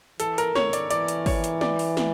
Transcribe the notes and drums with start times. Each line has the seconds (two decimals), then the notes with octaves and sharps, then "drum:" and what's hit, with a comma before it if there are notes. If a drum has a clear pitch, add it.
0.20 E3 A4, drum: hi-hat
0.38 A#4, drum: hi-hat
0.55 D#3 C#5, drum: snare
0.73 D5, drum: hi-hat
0.91 E3 D5, drum: hi-hat
1.08 drum: hi-hat
1.26 C#5, drum: kick G#1, open hi-hat
1.44 drum: hi-hat
1.61 D5, drum: snare
1.79 drum: open hi-hat
1.97 drum: snare